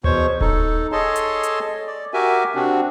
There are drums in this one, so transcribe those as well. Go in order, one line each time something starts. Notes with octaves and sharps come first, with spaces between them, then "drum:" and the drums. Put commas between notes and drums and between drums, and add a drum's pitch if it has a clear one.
E2 B2 C5 C#5 C#6, drum: tom D2
D#4 A4, drum: kick D#1
G#4 A4 C#5 D#5 A5 C6
drum: hi-hat
drum: hi-hat
D5
F#4 G4 A#4 E5 G#5
C3 C4 D4 F#4